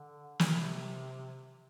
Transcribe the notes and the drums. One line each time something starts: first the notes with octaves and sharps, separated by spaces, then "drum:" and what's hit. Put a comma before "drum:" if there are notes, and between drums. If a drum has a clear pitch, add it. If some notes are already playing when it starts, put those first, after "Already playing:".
Already playing: D3
C3, drum: snare